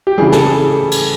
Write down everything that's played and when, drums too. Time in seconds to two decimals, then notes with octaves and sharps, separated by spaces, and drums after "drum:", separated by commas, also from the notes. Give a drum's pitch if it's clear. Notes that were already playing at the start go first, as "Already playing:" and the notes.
0.07 G4
0.18 C#3 E3 G3 G#4
0.32 A4, drum: snare
0.47 G#4
0.91 drum: cymbal